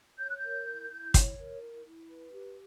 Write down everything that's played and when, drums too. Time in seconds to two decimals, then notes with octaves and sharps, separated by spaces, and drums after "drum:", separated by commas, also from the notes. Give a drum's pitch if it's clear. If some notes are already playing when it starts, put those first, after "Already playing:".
0.20 C#5 G6
0.29 F#6
0.38 G6
0.44 A#4
0.67 E4
0.90 E4
1.14 C#5, drum: kick, hi-hat
1.37 A#4
1.61 E4
1.85 E4
2.08 B4
2.32 G4